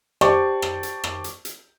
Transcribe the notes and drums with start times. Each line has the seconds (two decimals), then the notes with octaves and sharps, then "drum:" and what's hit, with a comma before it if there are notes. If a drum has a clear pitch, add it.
0.21 G4 C5 D5 A5 C#6 D6, drum: rim click
0.62 drum: rim click
0.83 drum: hi-hat
1.04 drum: rim click
1.24 drum: hi-hat
1.45 drum: hi-hat